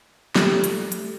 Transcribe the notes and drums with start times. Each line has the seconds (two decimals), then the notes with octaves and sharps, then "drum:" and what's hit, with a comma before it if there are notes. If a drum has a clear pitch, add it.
0.36 G3 A3, drum: snare
0.64 drum: hi-hat
0.92 drum: hi-hat